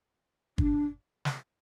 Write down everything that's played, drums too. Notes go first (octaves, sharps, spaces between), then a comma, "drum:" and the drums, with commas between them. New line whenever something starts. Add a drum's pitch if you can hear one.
D4, drum: kick G1
drum: snare